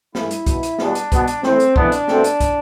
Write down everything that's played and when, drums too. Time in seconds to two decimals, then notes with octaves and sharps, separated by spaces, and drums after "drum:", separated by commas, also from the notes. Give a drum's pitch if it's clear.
0.15 G2 E3 A3 E4, drum: snare
0.31 drum: hi-hat
0.46 B2 B3, drum: kick, hi-hat
0.63 drum: hi-hat
0.79 E2 B2 G3 B3 D4, drum: snare
0.95 drum: hi-hat
1.12 B2 B3, drum: kick, hi-hat
1.28 drum: hi-hat
1.43 A2 E3 A3 C4, drum: snare
1.60 drum: hi-hat
1.76 F2 E3 B3 D4, drum: kick
1.92 drum: hi-hat
2.08 B2 A3 C4, drum: snare
2.24 drum: hi-hat
2.40 drum: kick, hi-hat